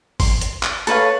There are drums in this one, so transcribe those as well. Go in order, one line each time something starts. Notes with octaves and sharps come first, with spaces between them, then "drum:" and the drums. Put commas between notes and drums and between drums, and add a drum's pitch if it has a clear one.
C6, drum: kick, open hi-hat
drum: hi-hat
drum: clap
A4 B4 C#5 F5, drum: hi-hat